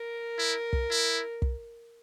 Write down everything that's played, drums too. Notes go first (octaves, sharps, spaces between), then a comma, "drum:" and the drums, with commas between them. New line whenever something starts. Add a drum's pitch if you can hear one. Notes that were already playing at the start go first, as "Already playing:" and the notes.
Already playing: A#4
E4
drum: kick
E4
drum: kick